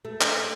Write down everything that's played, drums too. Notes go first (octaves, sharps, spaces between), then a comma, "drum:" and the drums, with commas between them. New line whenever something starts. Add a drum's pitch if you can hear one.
A3
drum: clap